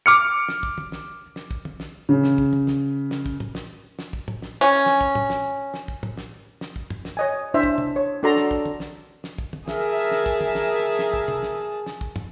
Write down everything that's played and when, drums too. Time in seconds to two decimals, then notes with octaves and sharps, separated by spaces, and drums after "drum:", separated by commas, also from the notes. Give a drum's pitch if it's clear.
0.06 D6 F6 C#7
0.48 drum: snare
0.63 drum: kick
0.78 drum: tom
0.92 drum: snare
1.36 drum: snare
1.51 drum: kick
1.65 drum: tom
1.80 drum: snare
2.09 C#3
2.24 drum: snare
2.38 drum: kick
2.53 drum: tom
2.67 drum: snare
3.11 drum: snare
3.26 drum: kick
3.40 drum: tom
3.55 drum: snare
3.99 drum: snare
4.13 drum: kick
4.28 drum: tom
4.42 drum: snare
4.61 C#4
4.86 drum: snare
5.01 drum: kick
5.15 drum: tom
5.30 drum: snare
5.74 drum: snare
5.88 drum: kick
6.03 drum: tom
6.17 drum: snare
6.61 drum: snare
6.76 drum: kick
6.90 drum: tom
7.05 drum: snare
7.17 C#5 D#5 G#5
7.54 D4 E4 C5 E5
7.63 drum: kick
7.78 drum: tom
7.96 C#5
8.23 D4 F#4 A4 D5 A#5 C6
8.36 drum: snare
8.51 drum: kick
8.65 drum: tom
8.80 drum: snare
9.24 drum: snare
9.38 drum: kick
9.53 drum: tom
9.68 G#4 A#4 E5 A5, drum: snare
10.11 drum: snare
10.26 drum: kick
10.41 drum: tom
10.55 drum: snare
10.99 drum: snare
11.14 drum: kick
11.28 drum: tom
11.43 drum: snare
11.86 drum: snare
12.01 drum: kick
12.16 drum: tom